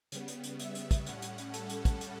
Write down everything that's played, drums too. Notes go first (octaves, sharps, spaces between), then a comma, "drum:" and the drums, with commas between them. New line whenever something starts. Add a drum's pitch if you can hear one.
C#3 G3 B3, drum: hi-hat
drum: hi-hat
drum: hi-hat
E5, drum: hi-hat
drum: hi-hat
drum: kick, hi-hat
A2 G3 C#4 F#5, drum: hi-hat
drum: hi-hat
drum: hi-hat
A4, drum: hi-hat
drum: hi-hat
drum: kick, hi-hat
drum: hi-hat